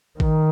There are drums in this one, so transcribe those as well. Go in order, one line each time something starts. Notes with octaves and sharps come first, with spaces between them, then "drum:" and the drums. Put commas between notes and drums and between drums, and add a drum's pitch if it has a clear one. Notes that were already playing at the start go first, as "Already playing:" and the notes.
D#3, drum: kick